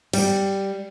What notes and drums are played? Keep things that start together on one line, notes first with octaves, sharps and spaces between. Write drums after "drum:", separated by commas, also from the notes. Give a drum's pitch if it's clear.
G3, drum: cymbal